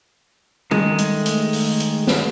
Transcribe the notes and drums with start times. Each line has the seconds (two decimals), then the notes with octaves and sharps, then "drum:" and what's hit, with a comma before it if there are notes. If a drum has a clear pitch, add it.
0.71 D#3 G#3 A3, drum: tom
0.98 drum: hi-hat
1.26 drum: hi-hat
1.53 drum: open hi-hat
1.80 drum: hi-hat
2.07 drum: snare